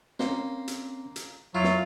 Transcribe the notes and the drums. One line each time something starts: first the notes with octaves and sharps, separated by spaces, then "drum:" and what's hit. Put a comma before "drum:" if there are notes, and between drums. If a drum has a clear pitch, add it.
A#3 C4 C#4 C5, drum: snare
drum: hi-hat
drum: hi-hat
F2 F#3 E4 F4
drum: snare